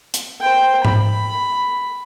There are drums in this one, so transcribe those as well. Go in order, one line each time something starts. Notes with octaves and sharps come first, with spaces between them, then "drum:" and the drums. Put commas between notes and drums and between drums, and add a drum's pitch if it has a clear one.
drum: hi-hat
C5 G5
B5, drum: tom G#2